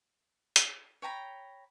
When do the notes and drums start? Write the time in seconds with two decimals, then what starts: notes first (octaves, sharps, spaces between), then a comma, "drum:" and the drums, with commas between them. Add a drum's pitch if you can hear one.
0.56 drum: hi-hat
1.02 C#5 G5 A#5 B5